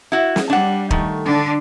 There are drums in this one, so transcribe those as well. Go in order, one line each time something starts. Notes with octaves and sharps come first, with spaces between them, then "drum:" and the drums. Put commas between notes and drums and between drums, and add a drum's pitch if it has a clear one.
E4 F#4
drum: snare
G3 D4 F#5
D#3 A3, drum: kick
D3 D4